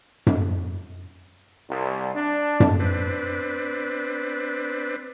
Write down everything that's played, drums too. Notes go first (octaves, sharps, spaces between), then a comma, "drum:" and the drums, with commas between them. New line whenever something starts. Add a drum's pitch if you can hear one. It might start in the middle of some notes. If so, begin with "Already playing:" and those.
drum: tom F#2
C2
D4
drum: tom F#2
C4 D4 B4